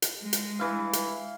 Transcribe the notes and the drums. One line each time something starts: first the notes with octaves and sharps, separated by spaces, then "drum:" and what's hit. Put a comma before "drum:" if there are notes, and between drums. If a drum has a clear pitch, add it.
drum: hi-hat
G#3
drum: hi-hat
E3 F5
F5, drum: hi-hat